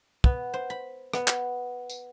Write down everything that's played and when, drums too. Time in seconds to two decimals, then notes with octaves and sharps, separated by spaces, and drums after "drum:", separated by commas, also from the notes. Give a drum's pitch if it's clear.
0.24 B3, drum: kick
0.54 C5
0.70 B5
1.14 B3, drum: rim click
1.28 drum: clap
1.89 drum: tambourine